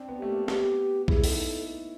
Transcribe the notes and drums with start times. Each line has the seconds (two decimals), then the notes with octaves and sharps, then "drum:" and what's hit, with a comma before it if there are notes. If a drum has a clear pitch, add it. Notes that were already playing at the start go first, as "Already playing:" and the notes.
Already playing: C4 D4
0.09 B3
0.18 A3 G4
0.29 A#3
0.48 B3 G4, drum: snare
1.08 E4 G#4, drum: kick B1
1.24 D#4 A4, drum: open hi-hat
1.38 A4